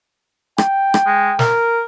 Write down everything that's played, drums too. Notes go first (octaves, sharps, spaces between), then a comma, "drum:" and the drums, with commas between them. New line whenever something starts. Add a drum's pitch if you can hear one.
G5, drum: rim click
drum: rim click
G#3
A#4, drum: snare